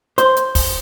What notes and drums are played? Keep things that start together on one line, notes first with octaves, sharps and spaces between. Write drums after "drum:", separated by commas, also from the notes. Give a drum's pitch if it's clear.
C5, drum: hi-hat
drum: hi-hat
drum: kick, open hi-hat